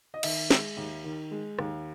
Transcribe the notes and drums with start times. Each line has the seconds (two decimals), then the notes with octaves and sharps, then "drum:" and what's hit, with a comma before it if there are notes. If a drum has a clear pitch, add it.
0.14 D#5
0.23 D#3 E5, drum: cymbal
0.51 G#3, drum: snare
0.77 D#2
1.04 D#3
1.31 G#3
1.59 D#2, drum: rim click